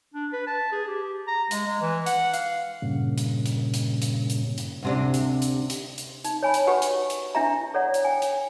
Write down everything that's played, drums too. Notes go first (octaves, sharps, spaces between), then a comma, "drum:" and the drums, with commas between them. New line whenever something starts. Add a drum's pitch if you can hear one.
D4
B4
A5
G#4
G4
A#5
G#3, drum: hi-hat
G#3
E3
F#5, drum: hi-hat
F5, drum: hi-hat
G2 A#2 C#3
drum: hi-hat
drum: hi-hat
drum: hi-hat
drum: hi-hat
drum: hi-hat
drum: hi-hat
D2 C3 D4
drum: hi-hat
drum: hi-hat
drum: hi-hat
drum: hi-hat
D#4, drum: hi-hat
C#5 G#5 B5
drum: hi-hat
F#4 G4 B4 F#5
drum: hi-hat
drum: hi-hat
D4 E4 G4 E5 A#5
A4 C#5 D5 F#5
drum: hi-hat
G5 G#5
drum: hi-hat